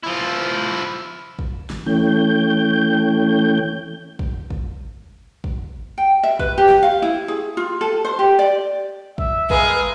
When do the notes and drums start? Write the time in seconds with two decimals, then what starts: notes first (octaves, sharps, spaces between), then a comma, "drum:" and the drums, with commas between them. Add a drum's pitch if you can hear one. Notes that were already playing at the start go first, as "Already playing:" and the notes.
0.04 F3 E4
1.39 drum: kick
1.70 drum: snare
1.86 E3 A3 C#4 G5 G6
4.19 drum: kick
4.50 drum: kick
5.44 drum: kick
5.98 G5
6.23 E5
6.39 B4, drum: kick
6.58 G4
6.69 drum: snare
6.83 F5
7.02 E4
7.28 G#4
7.57 F4
7.81 A4
8.05 C5
8.19 G4
8.39 D5
9.18 E5, drum: kick
9.50 G#3 G#4 A#4 B4 F5, drum: kick